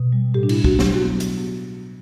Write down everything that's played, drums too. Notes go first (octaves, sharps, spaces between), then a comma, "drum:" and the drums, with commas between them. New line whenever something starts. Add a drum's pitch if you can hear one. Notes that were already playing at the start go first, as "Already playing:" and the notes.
Already playing: B2
G3
A2 G4
D4
E4, drum: cymbal
A2
F#4, drum: kick
F#3 G4, drum: snare
F#4
B3
drum: hi-hat